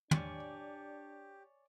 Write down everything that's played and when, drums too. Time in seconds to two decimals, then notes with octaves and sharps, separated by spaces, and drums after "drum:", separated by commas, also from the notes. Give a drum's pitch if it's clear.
0.11 D4 G4 C#5 D5 G#5, drum: tom